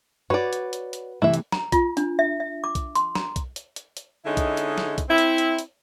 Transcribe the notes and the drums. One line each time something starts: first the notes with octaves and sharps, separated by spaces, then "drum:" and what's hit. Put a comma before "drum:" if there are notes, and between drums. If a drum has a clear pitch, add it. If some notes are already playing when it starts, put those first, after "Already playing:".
F#4 B4 C#5 D5
drum: hi-hat
drum: hi-hat
drum: hi-hat
C3 E3 A3 E4 E5
drum: hi-hat
A#5, drum: snare
F4, drum: kick B1, hi-hat
D4, drum: hi-hat
E5
E5
D6
drum: kick B1, hi-hat
C6, drum: hi-hat
A#5, drum: snare
drum: kick B1, hi-hat
drum: hi-hat
drum: hi-hat
drum: hi-hat
D3 G#3 C#4 D#4 E4
drum: kick B1, hi-hat
drum: hi-hat
drum: snare
drum: kick B1, hi-hat
C4 E4
drum: hi-hat
drum: hi-hat
drum: hi-hat